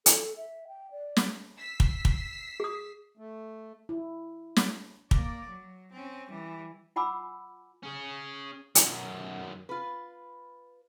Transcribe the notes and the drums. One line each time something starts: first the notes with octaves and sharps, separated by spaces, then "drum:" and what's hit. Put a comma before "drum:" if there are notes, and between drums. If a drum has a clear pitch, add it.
A4, drum: hi-hat
E5
G5
D5
drum: snare
E6 B6 C7
drum: kick
drum: kick
G#4 D#6
A3
E4
drum: snare
A#3 D5, drum: kick
F#3
C4 C#4
E3 G3
F4 F#5 G#5 B5 D6 E6
C#4 G#4
F#2 D#3, drum: hi-hat
F4 B4